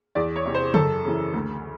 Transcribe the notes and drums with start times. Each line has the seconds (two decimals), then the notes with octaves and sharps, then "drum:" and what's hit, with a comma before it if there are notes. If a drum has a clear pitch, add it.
0.15 E2 D5
0.36 C#5
0.45 C3 E3
0.54 C5
0.74 F#2 A4, drum: tom C#3
1.04 C#3 E3
1.34 D2